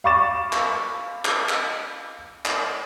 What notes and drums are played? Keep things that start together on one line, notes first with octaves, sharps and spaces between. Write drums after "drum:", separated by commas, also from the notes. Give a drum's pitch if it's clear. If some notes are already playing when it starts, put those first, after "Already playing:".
F5 B5 C#6 D6 A6 E7
drum: clap
drum: clap
drum: clap
drum: clap